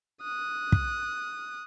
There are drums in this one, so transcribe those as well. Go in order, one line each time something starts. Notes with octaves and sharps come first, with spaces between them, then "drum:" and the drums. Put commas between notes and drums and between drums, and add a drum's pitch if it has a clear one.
D#6 F#6
drum: kick